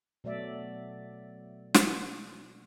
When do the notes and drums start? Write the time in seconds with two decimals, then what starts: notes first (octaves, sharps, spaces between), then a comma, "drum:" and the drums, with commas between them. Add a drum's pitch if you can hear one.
0.24 B2 F#3 A3 D5 E5
1.74 drum: snare